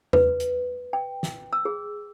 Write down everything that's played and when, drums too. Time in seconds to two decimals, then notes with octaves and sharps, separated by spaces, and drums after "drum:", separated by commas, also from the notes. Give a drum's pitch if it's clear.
0.13 B4, drum: tom E2
0.40 drum: hi-hat
0.93 G5
1.23 drum: snare
1.53 E6
1.65 G#4